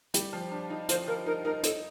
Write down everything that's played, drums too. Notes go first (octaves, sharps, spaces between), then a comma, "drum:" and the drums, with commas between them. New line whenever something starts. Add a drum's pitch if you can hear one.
G3 G4, drum: hi-hat
F3 F4
D4
D#4
F3 F4 C5, drum: hi-hat
F3 F4 A#4
D#4 A#4
D#4 A#4
D#4 A4, drum: hi-hat